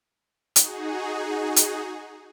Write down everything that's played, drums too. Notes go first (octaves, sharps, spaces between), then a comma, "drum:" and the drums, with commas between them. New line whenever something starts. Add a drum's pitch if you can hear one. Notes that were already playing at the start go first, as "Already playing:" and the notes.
D#4 F#4 G#4, drum: hi-hat
drum: hi-hat